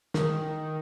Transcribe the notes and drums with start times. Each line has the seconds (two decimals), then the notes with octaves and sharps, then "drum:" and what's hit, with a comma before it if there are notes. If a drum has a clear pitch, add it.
0.14 D#3, drum: snare